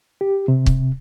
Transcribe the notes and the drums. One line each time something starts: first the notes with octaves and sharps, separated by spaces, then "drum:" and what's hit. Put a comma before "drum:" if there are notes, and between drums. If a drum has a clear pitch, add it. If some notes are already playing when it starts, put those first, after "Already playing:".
G4
C3
drum: kick